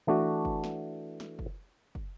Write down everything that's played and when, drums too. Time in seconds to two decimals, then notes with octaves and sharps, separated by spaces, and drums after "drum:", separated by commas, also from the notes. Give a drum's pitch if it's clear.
0.07 E3 A3 D4 F#4
0.45 drum: kick
0.64 drum: snare
1.20 drum: snare
1.39 drum: kick
1.95 drum: kick